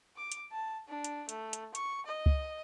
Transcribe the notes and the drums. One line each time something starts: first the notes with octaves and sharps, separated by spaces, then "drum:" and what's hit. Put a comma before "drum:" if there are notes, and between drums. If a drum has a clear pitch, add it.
D6
drum: hi-hat
A5
D4
drum: hi-hat
A3, drum: hi-hat
drum: hi-hat
C#6, drum: hi-hat
D#5
drum: kick C#2